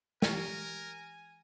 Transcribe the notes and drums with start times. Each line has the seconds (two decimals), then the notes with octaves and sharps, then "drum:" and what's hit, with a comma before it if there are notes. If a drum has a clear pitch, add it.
0.22 E3 G#3 G4 A#4 G#5, drum: snare